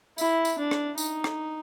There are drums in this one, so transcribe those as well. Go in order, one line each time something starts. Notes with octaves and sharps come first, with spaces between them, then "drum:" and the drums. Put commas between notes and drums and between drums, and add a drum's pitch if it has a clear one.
E4, drum: tambourine
drum: tambourine
D4
drum: rim click
D#4, drum: tambourine
drum: rim click